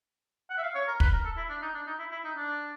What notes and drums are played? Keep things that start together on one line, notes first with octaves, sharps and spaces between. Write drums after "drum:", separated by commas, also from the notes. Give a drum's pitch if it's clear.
F#5
E5
F5
C#5
A#4
B4, drum: kick
A#4
A4
E4
D4
D#4
D4
D#4
E4
E4
D#4
D4